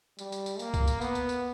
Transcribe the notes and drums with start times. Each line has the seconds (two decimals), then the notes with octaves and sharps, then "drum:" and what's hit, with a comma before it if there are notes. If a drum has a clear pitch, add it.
0.19 G3, drum: tambourine
0.32 drum: tambourine
0.46 drum: tambourine
0.59 A#3, drum: tambourine
0.74 drum: kick, tambourine
0.88 drum: tambourine
1.01 B3, drum: tambourine
1.15 drum: tambourine
1.29 drum: tambourine